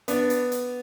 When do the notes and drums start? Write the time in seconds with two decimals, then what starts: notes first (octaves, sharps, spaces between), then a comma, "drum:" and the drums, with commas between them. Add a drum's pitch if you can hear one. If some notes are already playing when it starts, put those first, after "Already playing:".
0.08 B3 D4, drum: hi-hat
0.30 drum: hi-hat
0.52 drum: hi-hat